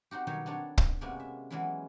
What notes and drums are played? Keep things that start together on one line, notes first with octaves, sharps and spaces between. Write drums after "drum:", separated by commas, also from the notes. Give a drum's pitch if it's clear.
C4 D#4 F#4 G4
B2 D#3 F#3 G3 D#4 C#5
B3 C4 D4 A4 C#5
drum: kick
C3 G#3 A#3 B3 C#4 F#4
E5
E3 F#3 G#3 B3 C#4 E4